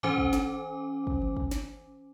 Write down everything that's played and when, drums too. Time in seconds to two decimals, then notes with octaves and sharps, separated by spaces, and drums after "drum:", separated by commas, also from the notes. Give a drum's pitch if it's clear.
0.03 E3 C#4 C5 G#5 D6, drum: tom G2
0.18 drum: kick
0.33 drum: snare
1.07 drum: kick
1.22 drum: tom E3
1.37 drum: kick
1.51 drum: snare